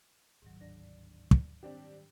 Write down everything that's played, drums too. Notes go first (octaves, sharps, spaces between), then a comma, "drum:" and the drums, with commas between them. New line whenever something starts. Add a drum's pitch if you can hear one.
D1 A#1 G#2 D#3 F#3
G1 D2 D4 A#6
drum: kick
D#3 E3 G3 C4 D4 G4